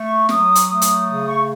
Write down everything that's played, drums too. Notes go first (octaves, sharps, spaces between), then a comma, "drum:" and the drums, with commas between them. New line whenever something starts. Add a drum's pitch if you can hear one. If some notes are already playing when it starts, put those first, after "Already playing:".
Already playing: A3 C#6
F#3 D#6, drum: snare
drum: hi-hat
A3 D#6
drum: hi-hat
C#3 D#6
C#6